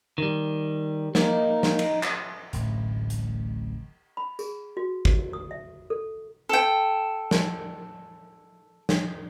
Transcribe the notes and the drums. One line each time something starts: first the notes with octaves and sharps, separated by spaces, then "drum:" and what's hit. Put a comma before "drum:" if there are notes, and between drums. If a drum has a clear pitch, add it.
D#3 G3
A#3 D#4, drum: snare
drum: snare
drum: cymbal
drum: clap
D1 A1, drum: hi-hat
drum: hi-hat
B5
G#4, drum: tambourine
F#4
drum: kick
D#6
E5
A4
A4 G5
drum: snare
drum: snare